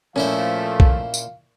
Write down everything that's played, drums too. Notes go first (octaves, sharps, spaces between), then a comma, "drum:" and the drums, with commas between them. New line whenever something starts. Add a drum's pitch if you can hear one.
A#2 F3 A3 C#4 E4 C5 F5
drum: kick B1
drum: tambourine